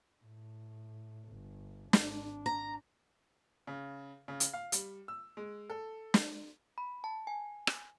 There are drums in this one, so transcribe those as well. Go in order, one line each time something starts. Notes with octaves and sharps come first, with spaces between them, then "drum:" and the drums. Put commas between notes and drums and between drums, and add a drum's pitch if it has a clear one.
A2
G1
G#1 D4, drum: snare
A#5
C#3
C#3
drum: hi-hat
F5
G3, drum: hi-hat
E6
G#3
A4
drum: snare
B5
A5
G#5
drum: rim click